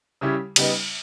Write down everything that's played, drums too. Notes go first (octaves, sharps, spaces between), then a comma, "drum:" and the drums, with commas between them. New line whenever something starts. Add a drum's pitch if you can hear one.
C#3 G3 C#4 E4 G4
C#3 G3 B3 D#4, drum: cymbal